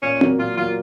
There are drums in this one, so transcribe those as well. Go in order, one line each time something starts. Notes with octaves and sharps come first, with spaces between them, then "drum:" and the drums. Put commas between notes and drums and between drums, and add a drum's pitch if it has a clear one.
A#2 C#4
F#3 A#3, drum: tom C4
A#2 F4
F#3 A#3 F4